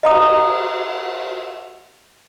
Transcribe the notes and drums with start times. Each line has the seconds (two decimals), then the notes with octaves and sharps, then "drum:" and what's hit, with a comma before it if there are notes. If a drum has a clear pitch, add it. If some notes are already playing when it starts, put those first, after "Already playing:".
0.03 D#5 A#5 D#6, drum: cymbal